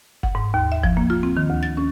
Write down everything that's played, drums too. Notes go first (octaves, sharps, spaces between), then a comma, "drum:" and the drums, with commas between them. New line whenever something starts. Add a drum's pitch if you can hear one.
F#5, drum: kick
G#2
D#2
E5
F3, drum: kick
A#3
F4
C4
D#3
D2
A6
C#4